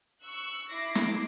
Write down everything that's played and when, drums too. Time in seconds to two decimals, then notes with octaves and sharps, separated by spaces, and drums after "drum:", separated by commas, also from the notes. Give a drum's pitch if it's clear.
0.22 C#6 E6 F#6
0.68 E4 D6 A#6 C7
0.95 drum: snare